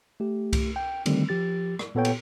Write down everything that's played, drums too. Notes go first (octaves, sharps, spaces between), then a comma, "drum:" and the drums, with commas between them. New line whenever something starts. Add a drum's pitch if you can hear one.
A3 G4
drum: kick C2, cymbal
G5
D3 D#3 G3 A3 C4, drum: cymbal
F3 G4 A6
drum: rim click
A#2 B3 A4 C#5 G5
drum: cymbal